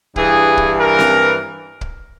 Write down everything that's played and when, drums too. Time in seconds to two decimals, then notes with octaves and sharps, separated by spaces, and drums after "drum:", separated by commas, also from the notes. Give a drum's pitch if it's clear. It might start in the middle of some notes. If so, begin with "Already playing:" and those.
0.16 G2 E3 G#4, drum: kick
0.57 drum: kick
0.78 A#4
0.99 drum: snare C4
1.81 drum: kick